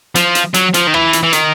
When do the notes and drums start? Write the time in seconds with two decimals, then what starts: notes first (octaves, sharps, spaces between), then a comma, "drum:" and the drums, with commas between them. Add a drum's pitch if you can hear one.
0.15 F3, drum: hi-hat
0.35 drum: hi-hat
0.54 F#3, drum: hi-hat
0.74 F3, drum: hi-hat
0.87 D#3
0.94 E3, drum: rim click
1.13 drum: hi-hat
1.23 E3
1.33 D#3, drum: hi-hat